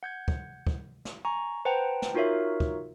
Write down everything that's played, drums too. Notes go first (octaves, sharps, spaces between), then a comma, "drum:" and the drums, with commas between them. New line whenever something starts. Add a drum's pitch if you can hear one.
F#5 G6 G#6
drum: kick
drum: kick
drum: snare
G#5 A#5 C#6
B4 C5 F#5 G5 A5 A#5
drum: snare
D#4 F4 F#4 A#4 C#5 E5
drum: kick